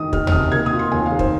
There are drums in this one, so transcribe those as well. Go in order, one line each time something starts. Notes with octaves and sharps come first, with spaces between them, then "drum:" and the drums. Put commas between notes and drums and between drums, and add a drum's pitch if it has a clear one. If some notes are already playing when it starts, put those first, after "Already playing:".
Already playing: D#3 D#4 D#6
D#3 F6, drum: kick
F6, drum: tom D#2
C3 D#6
A#3 G#6
D#6
F4
C6
D#2 G#5
F5
D#3
C5, drum: kick